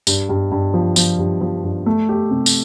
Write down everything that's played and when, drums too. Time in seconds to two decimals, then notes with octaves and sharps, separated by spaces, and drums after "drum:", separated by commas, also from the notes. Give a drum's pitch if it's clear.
0.07 G2, drum: tambourine
0.29 G2
0.52 G2
0.74 F3
0.96 F3, drum: tambourine
1.19 G2
1.41 F3
1.64 G2
1.86 A3
2.09 G4
2.31 C3
2.46 drum: tambourine